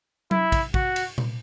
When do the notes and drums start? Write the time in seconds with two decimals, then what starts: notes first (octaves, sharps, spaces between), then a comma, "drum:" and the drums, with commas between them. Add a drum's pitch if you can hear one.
0.31 E4, drum: tom F#3
0.52 drum: kick, cymbal
0.74 F#4, drum: kick
0.96 drum: cymbal
1.18 drum: tom A#2